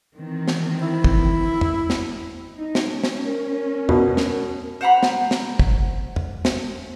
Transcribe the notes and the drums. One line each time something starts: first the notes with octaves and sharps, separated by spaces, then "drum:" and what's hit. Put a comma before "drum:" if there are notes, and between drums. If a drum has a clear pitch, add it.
D#3 E3 C4
drum: snare
E4
drum: kick
drum: tom
drum: snare
D#4
drum: snare
C#4
drum: snare
A#4
B2, drum: tom
drum: snare
C5 F#5 A#5 B5
drum: snare
drum: snare
drum: kick
drum: tom
drum: snare